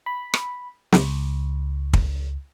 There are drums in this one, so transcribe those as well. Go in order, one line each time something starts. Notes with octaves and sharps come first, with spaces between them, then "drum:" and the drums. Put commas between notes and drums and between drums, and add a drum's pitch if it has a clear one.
B5
drum: rim click
C#2, drum: snare
drum: kick